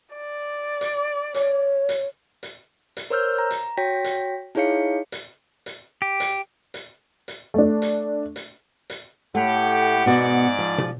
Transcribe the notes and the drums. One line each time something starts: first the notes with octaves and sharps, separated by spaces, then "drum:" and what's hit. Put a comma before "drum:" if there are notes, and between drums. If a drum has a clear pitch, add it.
D5
drum: hi-hat
C#5, drum: hi-hat
drum: hi-hat
drum: hi-hat
drum: hi-hat
A#4 C5 C#5 E6 F6 G6
A#5
drum: hi-hat
F#4 C#5 G5 A#6 B6
drum: hi-hat
D#4 E4 G#4 C#5 F5 C#7
drum: hi-hat
drum: hi-hat
G4
drum: hi-hat
drum: hi-hat
drum: hi-hat
A3 D4
drum: hi-hat
drum: hi-hat
drum: hi-hat
A2 A3 G4 F#5
G#2 B2 B3 F#4 D5
F3
drum: tom